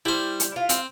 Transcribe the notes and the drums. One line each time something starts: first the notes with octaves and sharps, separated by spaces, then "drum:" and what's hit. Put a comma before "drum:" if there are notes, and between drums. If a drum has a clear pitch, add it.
G3 E4 C5
drum: hi-hat
E4 F4
C4, drum: hi-hat